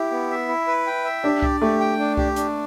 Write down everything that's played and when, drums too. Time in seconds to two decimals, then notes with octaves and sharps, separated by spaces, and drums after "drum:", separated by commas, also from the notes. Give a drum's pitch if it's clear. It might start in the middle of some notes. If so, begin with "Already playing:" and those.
Already playing: E4 G4
0.11 B3
0.30 E5
0.48 E4
0.67 B4
0.87 G5
1.05 E5
1.24 D4 G4
1.42 D5, drum: kick C2
1.61 A3 G4
1.80 G5
1.99 D4
2.17 G4, drum: kick C2
2.36 D4, drum: hi-hat